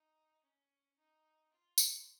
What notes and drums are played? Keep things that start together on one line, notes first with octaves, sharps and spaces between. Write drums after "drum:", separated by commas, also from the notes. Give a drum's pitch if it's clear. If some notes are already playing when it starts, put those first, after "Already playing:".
Already playing: D#4
C#4
D#4
F4
drum: tambourine